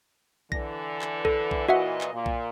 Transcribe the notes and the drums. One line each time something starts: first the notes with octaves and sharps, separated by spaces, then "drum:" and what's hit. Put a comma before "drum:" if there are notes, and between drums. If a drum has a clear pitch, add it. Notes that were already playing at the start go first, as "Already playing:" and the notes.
D3 E3 A#6, drum: kick B1
drum: clap
A4, drum: kick B1
drum: kick B1
A#2 E3 F#4 D#5 E5 F#5
drum: clap
A#2
drum: kick B1